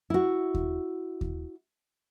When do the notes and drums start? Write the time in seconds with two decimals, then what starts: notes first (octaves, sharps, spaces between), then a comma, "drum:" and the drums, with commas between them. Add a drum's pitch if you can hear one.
0.10 E4 F#4
0.55 drum: kick D#2
1.21 drum: kick D#2